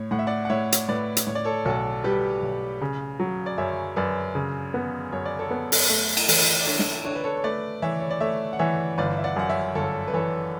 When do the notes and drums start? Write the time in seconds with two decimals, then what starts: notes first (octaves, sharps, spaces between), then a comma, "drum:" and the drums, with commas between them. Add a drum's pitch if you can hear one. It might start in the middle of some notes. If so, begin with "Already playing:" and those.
Already playing: A2 C#5
0.11 A2 F#5
0.19 E5
0.27 D5 F#5
0.45 F#5
0.50 A2 C#5 E5
0.72 drum: hi-hat
0.89 A2 B4 D5
1.17 drum: hi-hat
1.27 A2 C#5
1.35 D5
1.44 A4 C#5
1.65 B1 F#4 A4
2.04 G3 G4 B4
2.42 B1
2.81 C#3
3.20 F#3
3.46 D5
3.58 F#2 C#5 E5
3.96 F#2 B4 D5
4.35 C#3
4.74 B3
5.12 F#2 C#5
5.25 D5
5.39 A4 C#5
5.51 B3
5.72 drum: open hi-hat
5.89 A3
6.17 drum: cymbal
6.28 E3, drum: open hi-hat
6.61 D5
6.66 D4 A4 C#5
6.79 drum: snare
7.05 D4 C#5
7.15 B4
7.24 A4 C#5
7.37 C#5
7.44 A3 B4 D5
7.82 E3 C#5 E5
8.00 C#5
8.10 D5
8.20 A3 C#5 E5
8.53 F#5
8.59 E3 C#5 E5
8.98 G1 B4 D5
9.18 E5
9.24 D5 F#5
9.36 F#2 F#5
9.49 C#5 E5
9.75 G1 A4 C#5
10.08 B4
10.14 E3 A4 C#5